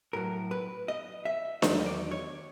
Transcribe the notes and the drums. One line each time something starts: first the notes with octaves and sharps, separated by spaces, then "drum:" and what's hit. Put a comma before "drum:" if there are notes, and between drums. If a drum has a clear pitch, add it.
A2 F#3 A#4
B4
D#5
E5
E2 C3 D#3 F#3 D#5, drum: snare D4
D#5
D5
C#5